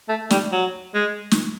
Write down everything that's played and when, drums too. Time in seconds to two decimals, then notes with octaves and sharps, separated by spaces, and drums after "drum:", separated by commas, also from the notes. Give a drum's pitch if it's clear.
0.09 A3
0.30 G3, drum: snare
0.52 F#3
0.94 G#3
1.31 drum: snare